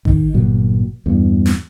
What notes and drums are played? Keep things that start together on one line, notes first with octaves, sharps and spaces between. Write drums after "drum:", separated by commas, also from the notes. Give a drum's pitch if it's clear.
D#3, drum: kick A1
G1 A#2 F#3
E2 G2
drum: snare